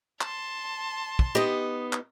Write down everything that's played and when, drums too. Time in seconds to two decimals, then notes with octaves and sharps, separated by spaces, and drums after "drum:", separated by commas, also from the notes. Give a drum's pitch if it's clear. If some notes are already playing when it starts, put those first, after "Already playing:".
0.21 A5 C6, drum: clap
1.19 drum: kick
1.35 B3 D#4 G4 D#5
1.93 drum: clap